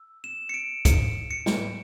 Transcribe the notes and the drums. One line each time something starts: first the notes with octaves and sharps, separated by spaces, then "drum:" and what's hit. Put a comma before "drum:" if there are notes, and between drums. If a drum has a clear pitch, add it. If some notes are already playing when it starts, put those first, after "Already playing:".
Already playing: E6
E7
C#7
D7
C#7, drum: kick, hi-hat
C#7
drum: snare